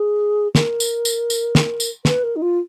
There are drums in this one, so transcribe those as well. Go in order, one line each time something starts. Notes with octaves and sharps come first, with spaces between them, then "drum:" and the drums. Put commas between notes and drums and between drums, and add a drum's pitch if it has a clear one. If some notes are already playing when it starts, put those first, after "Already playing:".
Already playing: G#4
A#4, drum: snare
drum: tambourine
drum: tambourine
drum: tambourine
drum: snare
drum: tambourine
B4, drum: snare
A#4
D#4
F4